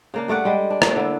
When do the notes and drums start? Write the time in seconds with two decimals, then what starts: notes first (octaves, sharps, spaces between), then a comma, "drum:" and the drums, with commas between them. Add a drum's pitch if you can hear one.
0.14 C#3 A#3 D4
0.28 G2 A3 D5 F#5
0.45 G3 G#3
0.70 D4
0.82 A3 A#3, drum: rim click
0.96 D3 E4